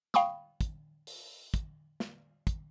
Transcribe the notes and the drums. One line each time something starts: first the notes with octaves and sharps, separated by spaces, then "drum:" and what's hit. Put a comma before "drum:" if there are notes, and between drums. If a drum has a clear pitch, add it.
F5 G5 B5 C#6 D#6, drum: snare
drum: kick, hi-hat
drum: open hi-hat
drum: kick, hi-hat
drum: snare
drum: kick, hi-hat